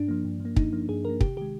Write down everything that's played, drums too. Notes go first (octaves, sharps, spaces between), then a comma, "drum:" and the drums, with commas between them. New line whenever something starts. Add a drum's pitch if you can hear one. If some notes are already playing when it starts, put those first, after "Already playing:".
Already playing: G2 D4
F3 A#3
G2
F3 A#3
G2 D#4, drum: kick
F3 A#3
G2 G#4
F3 A#3 A#4
C3 G4, drum: kick
D#3 G#3 G4